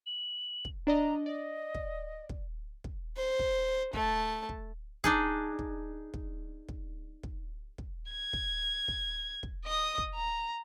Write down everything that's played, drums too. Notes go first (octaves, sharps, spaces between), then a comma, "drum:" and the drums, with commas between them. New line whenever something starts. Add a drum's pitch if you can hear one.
F#7
drum: kick
D4 D5 D#5 A#5
D5 D#5
drum: kick
drum: kick
drum: kick
C5
drum: kick
A3 A5, drum: kick
drum: kick
D4 D#4 G#4, drum: kick
drum: kick
drum: kick
drum: kick
drum: kick
drum: kick
G#6
drum: kick
drum: kick
drum: kick
D#5 D#6
drum: kick
A#5